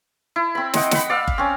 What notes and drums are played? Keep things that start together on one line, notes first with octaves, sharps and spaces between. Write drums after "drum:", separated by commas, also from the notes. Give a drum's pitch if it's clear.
E4
C4 B5
C4 D#5 F#5 G5, drum: snare
F#5 B5, drum: snare
D5 F5 E6
drum: kick G1
C4 C#4